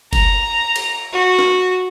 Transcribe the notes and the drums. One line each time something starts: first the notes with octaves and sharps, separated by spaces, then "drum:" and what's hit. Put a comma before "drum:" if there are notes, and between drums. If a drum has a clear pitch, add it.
A#5, drum: kick, cymbal
drum: cymbal
F#4
drum: snare